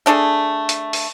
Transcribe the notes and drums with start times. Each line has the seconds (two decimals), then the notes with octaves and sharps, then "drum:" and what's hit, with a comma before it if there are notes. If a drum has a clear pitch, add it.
0.06 A3 D4 G#4 A4
0.69 drum: hi-hat
0.93 drum: open hi-hat